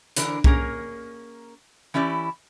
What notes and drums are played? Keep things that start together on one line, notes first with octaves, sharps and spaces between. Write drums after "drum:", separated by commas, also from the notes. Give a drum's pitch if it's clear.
D3 E3 D4 A#4, drum: hi-hat
A#3 C#4 G#4 A#4, drum: kick C2
E3 C#4 E4 G4 D5